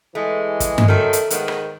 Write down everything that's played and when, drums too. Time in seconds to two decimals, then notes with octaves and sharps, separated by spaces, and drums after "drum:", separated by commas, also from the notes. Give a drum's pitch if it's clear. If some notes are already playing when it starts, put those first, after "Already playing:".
0.15 E3 G#3 A3
0.60 drum: kick, hi-hat
0.78 drum: tom G2
0.88 F#2 D#3 A3 A4
1.13 drum: hi-hat
1.30 G#2 D#3 G#3 B3, drum: hi-hat
1.48 drum: rim click